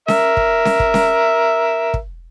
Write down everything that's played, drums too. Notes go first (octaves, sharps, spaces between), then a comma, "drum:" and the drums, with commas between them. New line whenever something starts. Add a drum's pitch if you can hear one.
A#4 E5, drum: snare C#4
drum: kick
drum: snare C#4
drum: kick
drum: snare C#4
drum: kick